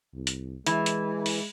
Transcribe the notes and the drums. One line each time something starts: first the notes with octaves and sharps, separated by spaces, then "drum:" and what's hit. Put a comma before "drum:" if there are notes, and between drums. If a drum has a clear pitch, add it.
C2
drum: hi-hat
E3 G#3, drum: hi-hat
drum: hi-hat
drum: open hi-hat